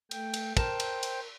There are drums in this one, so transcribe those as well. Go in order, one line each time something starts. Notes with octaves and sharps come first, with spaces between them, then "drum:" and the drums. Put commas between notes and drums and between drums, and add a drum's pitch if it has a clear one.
A3 G5, drum: cymbal
drum: cymbal
A#4 C5 G5 A5, drum: kick, cymbal
drum: cymbal
drum: cymbal